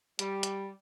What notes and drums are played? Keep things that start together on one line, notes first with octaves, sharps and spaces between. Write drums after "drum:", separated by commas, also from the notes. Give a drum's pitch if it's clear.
G3, drum: hi-hat
drum: hi-hat